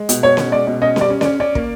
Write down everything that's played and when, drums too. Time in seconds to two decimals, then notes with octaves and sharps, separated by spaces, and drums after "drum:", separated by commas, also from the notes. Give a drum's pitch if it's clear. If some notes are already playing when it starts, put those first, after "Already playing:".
Already playing: G#3
0.09 B2, drum: hi-hat
0.23 B2 C#5
0.37 C#4, drum: snare C#4
0.52 G#3 D5
0.67 B2
0.82 C#4 D#5
0.96 G3 D5, drum: snare C#4
1.10 C#4
1.21 D5, drum: snare C#4
1.25 C#4
1.40 C#4 D5
1.55 A#3, drum: kick